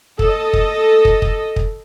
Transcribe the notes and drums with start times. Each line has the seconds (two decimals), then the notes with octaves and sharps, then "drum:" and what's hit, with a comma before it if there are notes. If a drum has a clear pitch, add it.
0.19 A4 D#5, drum: kick
0.53 drum: kick
1.05 drum: kick
1.22 drum: kick
1.56 drum: kick